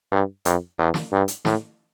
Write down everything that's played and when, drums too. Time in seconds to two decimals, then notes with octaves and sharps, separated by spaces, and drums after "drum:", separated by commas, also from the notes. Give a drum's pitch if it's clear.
0.12 G2
0.45 F2, drum: hi-hat
0.78 E2
0.94 drum: snare
1.12 G2
1.28 drum: hi-hat
1.45 A2, drum: snare